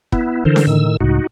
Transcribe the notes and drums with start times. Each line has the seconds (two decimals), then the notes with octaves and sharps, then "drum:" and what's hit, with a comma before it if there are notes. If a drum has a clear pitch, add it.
0.12 B3 E4, drum: kick
0.45 D3 E3 A4 A#4 C5
0.56 drum: snare C#4
0.67 A2 D#3 E6
1.00 C#2 A2 D#4 F#4